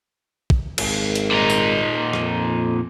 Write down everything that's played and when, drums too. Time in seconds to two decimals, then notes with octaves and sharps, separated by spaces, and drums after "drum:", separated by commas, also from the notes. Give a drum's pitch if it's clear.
0.50 drum: kick
0.78 G#1, drum: cymbal
1.15 drum: hi-hat
1.31 A#2 D#4
1.50 drum: tambourine
2.13 F2, drum: rim click